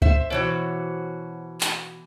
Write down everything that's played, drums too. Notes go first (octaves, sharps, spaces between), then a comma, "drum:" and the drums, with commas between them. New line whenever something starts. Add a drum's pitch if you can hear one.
C5 E5, drum: kick C#2
B2 E3 F#4 C5 C#5
drum: clap